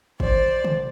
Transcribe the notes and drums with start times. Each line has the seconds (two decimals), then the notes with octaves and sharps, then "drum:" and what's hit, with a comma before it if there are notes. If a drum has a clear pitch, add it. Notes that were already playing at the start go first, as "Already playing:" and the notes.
0.20 C5 D5, drum: kick G#1
0.64 drum: tom